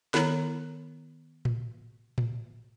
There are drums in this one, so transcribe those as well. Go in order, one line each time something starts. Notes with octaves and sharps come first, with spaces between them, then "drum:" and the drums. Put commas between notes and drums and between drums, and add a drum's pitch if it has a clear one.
D#3 B3 E4 A4 C#5 A#5, drum: snare
drum: tom A2
drum: tom A2